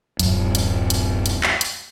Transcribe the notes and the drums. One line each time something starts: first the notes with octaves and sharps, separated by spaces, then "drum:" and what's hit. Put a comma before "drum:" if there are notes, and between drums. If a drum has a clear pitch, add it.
D1 F#2, drum: hi-hat
drum: hi-hat
drum: hi-hat
drum: hi-hat
drum: clap
drum: hi-hat